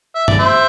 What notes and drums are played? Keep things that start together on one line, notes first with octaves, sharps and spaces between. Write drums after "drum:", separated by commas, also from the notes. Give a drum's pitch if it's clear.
E5
D5, drum: tom G2
C5 E5